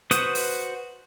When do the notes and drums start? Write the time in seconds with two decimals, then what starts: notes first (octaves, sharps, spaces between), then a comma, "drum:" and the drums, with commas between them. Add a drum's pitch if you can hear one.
0.11 F#4 B4 C5 D#6, drum: hi-hat
0.35 drum: open hi-hat